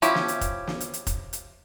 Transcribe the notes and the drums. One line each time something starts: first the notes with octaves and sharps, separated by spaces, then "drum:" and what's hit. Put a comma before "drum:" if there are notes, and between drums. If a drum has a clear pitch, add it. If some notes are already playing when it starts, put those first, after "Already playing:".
F3 C#4 E4 G4, drum: hi-hat
drum: snare
drum: hi-hat
drum: kick F1, hi-hat
drum: snare
drum: hi-hat
drum: hi-hat
drum: kick F1, hi-hat
drum: hi-hat